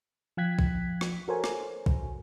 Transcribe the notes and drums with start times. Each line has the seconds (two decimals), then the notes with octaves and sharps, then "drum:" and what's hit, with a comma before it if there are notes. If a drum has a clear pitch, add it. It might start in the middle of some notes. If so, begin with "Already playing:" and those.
0.37 F3 F5 G5 F#6 G#6 B6
0.59 drum: kick
1.01 drum: rim click
1.28 F#4 A4 A#4 C5 C#5 G#5
1.44 drum: rim click
1.86 drum: kick